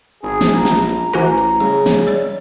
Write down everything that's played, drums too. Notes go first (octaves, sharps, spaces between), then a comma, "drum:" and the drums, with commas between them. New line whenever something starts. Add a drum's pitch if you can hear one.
G#1 G#4
drum: snare
A#1 A#5
drum: snare
drum: hi-hat
A1 E3 F#4 A#4 C5 G#5 D6, drum: hi-hat
drum: hi-hat
C#3 G3, drum: hi-hat
drum: snare
G3 C#5 D5